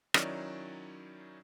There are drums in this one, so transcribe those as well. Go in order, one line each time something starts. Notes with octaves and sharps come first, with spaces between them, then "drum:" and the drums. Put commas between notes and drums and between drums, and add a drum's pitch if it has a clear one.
D#3 F#3 C#4 D#4 E4 D5, drum: rim click